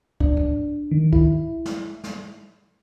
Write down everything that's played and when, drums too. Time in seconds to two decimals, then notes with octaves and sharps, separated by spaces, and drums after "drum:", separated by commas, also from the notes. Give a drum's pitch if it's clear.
0.20 D4, drum: kick
0.37 drum: kick
0.91 D#3
1.13 E4, drum: kick
1.65 drum: snare
2.04 drum: snare